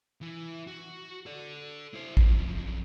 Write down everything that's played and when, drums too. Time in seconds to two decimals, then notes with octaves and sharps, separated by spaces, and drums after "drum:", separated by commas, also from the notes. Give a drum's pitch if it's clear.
0.21 E3 E4
0.67 F#4
1.26 A4 D5
1.94 E4 C5
2.17 F#2 F3, drum: kick A1